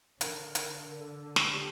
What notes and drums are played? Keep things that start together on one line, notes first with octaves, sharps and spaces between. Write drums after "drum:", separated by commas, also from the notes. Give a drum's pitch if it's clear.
D3 A#4, drum: hi-hat
drum: hi-hat
A4
drum: snare
G4